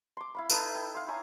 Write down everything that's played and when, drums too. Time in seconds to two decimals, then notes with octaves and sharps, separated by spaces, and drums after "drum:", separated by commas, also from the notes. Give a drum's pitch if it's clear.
0.17 C6 D6
0.35 E4 F5 B5
0.50 D#4 E4 A4 B4, drum: tambourine
0.75 G5
0.95 F5 C6
1.08 E4 C#5 G#5 A#5